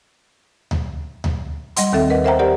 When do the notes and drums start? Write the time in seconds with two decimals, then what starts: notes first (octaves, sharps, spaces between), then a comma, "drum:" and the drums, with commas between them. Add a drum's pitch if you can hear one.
0.71 drum: tom D2
1.24 drum: tom D2
1.76 G3 D#5 F#5 C6, drum: hi-hat
1.93 D#2 D#3 C4 A4 E5
2.10 A#4 B4 D#5 F#5
2.24 A#4 C5 E5 F#5 G5 A#5
2.39 G4 A#4 C5 D5 F#5